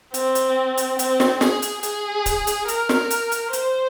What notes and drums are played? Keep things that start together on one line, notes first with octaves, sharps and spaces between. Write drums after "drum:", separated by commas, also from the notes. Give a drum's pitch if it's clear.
C4, drum: hi-hat
drum: hi-hat
drum: hi-hat
C4, drum: hi-hat
drum: snare
G#4, drum: snare
drum: hi-hat
G#4, drum: hi-hat
drum: kick C#1, hi-hat
drum: hi-hat
A#4, drum: hi-hat
drum: snare
drum: hi-hat
drum: hi-hat
C5, drum: hi-hat